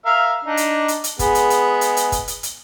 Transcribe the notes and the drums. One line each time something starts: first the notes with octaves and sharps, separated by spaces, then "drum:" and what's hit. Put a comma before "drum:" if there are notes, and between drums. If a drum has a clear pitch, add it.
A#4 E5 F5
D4 D#4
drum: hi-hat
drum: hi-hat
drum: hi-hat
G#3 B3 G#4, drum: kick, hi-hat
drum: hi-hat
drum: hi-hat
drum: hi-hat
drum: hi-hat
drum: kick, hi-hat
drum: hi-hat
drum: hi-hat